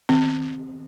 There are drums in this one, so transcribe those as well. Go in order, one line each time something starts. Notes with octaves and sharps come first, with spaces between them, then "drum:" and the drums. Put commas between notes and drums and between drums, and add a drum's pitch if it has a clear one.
C4, drum: tom D#3